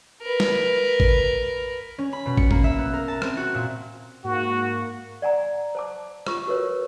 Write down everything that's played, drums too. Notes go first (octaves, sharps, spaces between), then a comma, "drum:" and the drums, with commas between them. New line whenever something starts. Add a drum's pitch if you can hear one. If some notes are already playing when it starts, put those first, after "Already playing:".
A#4 B4
drum: snare
drum: kick
C#4
B5
B2
C#7, drum: kick
A#3, drum: kick
E5
B3
A#4
A5
C4, drum: rim click
F#4
A#2
G#2 A#3 F#4
D5 F#5 G#5 A#5
C5 A5 D6
F4 C#6, drum: rim click
F#4 A#4 B4 C#5